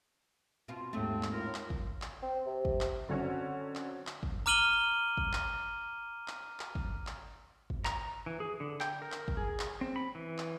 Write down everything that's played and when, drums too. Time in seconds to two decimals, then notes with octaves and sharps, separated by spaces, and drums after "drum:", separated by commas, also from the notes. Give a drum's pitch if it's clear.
0.68 B2 C4 F4
0.93 D#2 G#2 A3 C4
1.23 drum: clap
1.33 A2 F4 A#4
1.54 drum: clap
1.70 drum: kick
2.02 drum: clap
2.22 C4
2.46 C3
2.65 drum: kick
2.81 drum: clap
3.09 D3 F#3 C4 C#4 F#4
3.75 drum: clap
4.07 drum: clap
4.23 drum: kick
4.46 A#5 D6 F6 D#7 F#7 G7
5.17 drum: kick
5.33 drum: clap
6.28 drum: clap
6.60 drum: clap
6.75 drum: kick
7.07 drum: clap
7.70 drum: kick
7.85 A#5, drum: clap
8.26 E3
8.40 G#4
8.60 D3
8.80 G5, drum: clap
9.02 A#4
9.12 drum: clap
9.28 drum: kick
9.37 G#4
9.59 drum: clap
9.81 C4
9.96 B5
10.15 E3
10.38 drum: clap